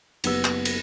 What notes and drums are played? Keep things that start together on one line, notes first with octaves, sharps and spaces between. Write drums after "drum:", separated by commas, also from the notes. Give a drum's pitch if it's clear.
F#1 B3 G4 B4 E6, drum: cymbal
drum: clap
drum: cymbal